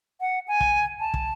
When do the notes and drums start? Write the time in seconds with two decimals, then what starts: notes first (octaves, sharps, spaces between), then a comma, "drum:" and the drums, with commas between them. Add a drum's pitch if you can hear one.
0.21 F#5
0.48 G#5
0.61 drum: kick
1.00 A5
1.14 drum: kick